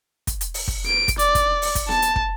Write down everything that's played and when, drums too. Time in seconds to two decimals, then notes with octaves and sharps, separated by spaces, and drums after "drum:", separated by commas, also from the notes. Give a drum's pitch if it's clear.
0.27 drum: kick, hi-hat
0.41 drum: hi-hat
0.54 drum: open hi-hat
0.68 drum: kick
0.87 D7
1.08 drum: kick, hi-hat
1.19 D5, drum: hi-hat
1.35 drum: kick, hi-hat
1.62 drum: open hi-hat
1.75 drum: kick, hi-hat
1.89 A5, drum: snare B3
2.02 drum: hi-hat
2.16 drum: kick